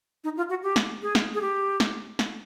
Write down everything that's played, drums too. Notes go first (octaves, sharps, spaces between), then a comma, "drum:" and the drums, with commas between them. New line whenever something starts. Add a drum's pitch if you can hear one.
D#4
F4
F#4
G4
drum: snare
G#4
drum: snare
G#4
G4
drum: snare
drum: snare